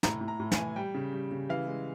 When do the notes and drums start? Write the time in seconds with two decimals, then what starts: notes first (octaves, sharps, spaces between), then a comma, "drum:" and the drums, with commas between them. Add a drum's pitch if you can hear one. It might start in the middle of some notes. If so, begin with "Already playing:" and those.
0.03 A2 A#5, drum: snare
0.21 A2
0.28 A#5
0.40 A2
0.52 G#5, drum: snare
0.57 E3
0.76 G3 G5
0.95 C#3
1.13 G3
1.31 C#3
1.49 E3 F5
1.67 G#3